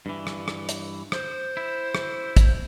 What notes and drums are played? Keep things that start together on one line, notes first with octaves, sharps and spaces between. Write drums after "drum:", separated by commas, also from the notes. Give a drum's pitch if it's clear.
G2 E3
drum: rim click
drum: rim click
drum: hi-hat
C5, drum: rim click
E4
drum: rim click
drum: kick, hi-hat